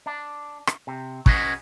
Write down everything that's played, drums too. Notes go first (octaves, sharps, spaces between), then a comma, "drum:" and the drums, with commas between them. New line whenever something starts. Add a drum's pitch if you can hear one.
D4
drum: rim click
C3
C#4 F#4 G#4 B4 C5 D#5, drum: kick